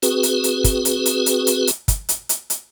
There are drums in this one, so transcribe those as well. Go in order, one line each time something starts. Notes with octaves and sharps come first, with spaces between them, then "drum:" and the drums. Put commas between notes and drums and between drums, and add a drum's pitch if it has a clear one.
C4 F#4 G#4 B4, drum: hi-hat
drum: hi-hat
drum: hi-hat
drum: kick, hi-hat
drum: hi-hat
drum: hi-hat
drum: hi-hat
drum: hi-hat
drum: hi-hat
drum: kick, hi-hat
drum: hi-hat
drum: hi-hat
drum: hi-hat